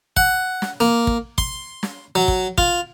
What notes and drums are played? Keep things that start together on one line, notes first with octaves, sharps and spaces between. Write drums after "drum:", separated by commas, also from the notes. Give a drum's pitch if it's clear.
F#5, drum: kick
drum: snare
A#3
drum: kick
C6, drum: kick
drum: snare
F#3
drum: kick
F4, drum: kick